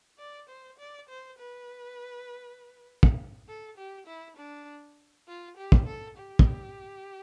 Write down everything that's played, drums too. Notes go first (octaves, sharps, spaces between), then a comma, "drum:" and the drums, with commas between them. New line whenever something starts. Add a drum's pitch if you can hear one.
D5
C5
D5
C5
B4
drum: kick
A4
G4
E4
D4
F4
G4
drum: kick
A4
G4
drum: kick